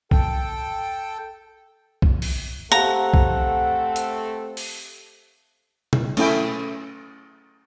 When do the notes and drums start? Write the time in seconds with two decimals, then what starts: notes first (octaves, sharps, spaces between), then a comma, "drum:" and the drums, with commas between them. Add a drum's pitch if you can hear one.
0.11 A4 G5, drum: kick
2.02 drum: kick
2.22 drum: open hi-hat
2.72 A3 C4 G4 A4 F5 F#5 A5 A#5
3.14 drum: kick
3.96 drum: hi-hat
4.57 drum: open hi-hat
5.93 drum: tom B2
6.17 A3 C#4 E4 G5, drum: cymbal